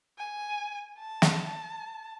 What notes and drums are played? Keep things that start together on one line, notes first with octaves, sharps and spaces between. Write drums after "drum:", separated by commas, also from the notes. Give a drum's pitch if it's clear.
G#5
A5
drum: snare